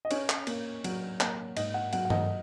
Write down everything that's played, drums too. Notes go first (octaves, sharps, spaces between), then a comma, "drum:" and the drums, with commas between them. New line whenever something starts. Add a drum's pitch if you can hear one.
D#5
C#4 C#5, drum: cymbal
drum: clap
A#3, drum: cymbal
F#3, drum: cymbal
A#3, drum: clap
G#2 D#5, drum: cymbal
F#5
F#3 F#5, drum: cymbal
F#5
D#5, drum: tom G2